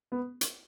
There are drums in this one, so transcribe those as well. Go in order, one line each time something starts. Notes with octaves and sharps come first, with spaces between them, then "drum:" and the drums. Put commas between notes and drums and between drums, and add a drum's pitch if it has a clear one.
B3
drum: hi-hat